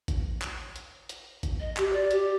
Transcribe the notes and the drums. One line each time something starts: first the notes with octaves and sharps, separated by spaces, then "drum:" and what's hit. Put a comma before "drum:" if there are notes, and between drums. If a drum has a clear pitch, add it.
drum: kick A1, hi-hat
drum: clap
drum: hi-hat
drum: hi-hat
drum: kick A1, hi-hat
D#5
G4, drum: clap
D5
G4, drum: hi-hat